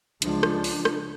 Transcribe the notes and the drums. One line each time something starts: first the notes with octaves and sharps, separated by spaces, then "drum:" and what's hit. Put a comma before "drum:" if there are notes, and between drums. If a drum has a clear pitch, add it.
C#2 F3 G#3 D4, drum: hi-hat
drum: rim click
drum: open hi-hat
drum: rim click